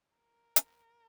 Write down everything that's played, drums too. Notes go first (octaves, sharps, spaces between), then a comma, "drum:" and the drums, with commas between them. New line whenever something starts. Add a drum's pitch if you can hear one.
A#4
drum: hi-hat